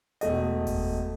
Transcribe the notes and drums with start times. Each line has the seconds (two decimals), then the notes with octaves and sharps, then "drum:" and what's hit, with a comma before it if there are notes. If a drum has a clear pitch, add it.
0.21 E1 A3 D#5, drum: hi-hat
0.67 drum: kick F#1, open hi-hat